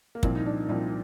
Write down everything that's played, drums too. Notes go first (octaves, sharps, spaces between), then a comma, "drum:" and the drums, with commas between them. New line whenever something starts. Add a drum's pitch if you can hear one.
A#3
C2 A#2 F3 C4, drum: kick
D#4
D4
C2 A#2 F3 C4